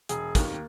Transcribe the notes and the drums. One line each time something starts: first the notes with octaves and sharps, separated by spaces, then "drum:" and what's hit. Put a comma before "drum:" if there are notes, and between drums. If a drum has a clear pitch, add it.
E1 G#4, drum: hi-hat
D#2 D#3 A#3, drum: kick, hi-hat